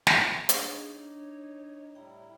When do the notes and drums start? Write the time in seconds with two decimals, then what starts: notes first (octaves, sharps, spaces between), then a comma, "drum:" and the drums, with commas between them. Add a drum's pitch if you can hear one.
0.07 B3 F4, drum: snare
0.49 D4 D#4 G#4 C#5, drum: hi-hat
0.99 D4
1.95 A2 G3 E4 G5 A#5